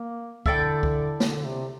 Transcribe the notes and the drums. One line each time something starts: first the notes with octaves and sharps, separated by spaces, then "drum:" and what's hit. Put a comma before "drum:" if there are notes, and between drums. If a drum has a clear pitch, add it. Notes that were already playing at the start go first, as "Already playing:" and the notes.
Already playing: A#3
D3 E4 A4 D5 G5, drum: kick
drum: kick
D3, drum: snare
C3